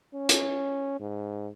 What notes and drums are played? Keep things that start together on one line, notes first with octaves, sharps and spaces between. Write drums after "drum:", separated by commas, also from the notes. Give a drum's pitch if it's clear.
C#4
drum: hi-hat
G#2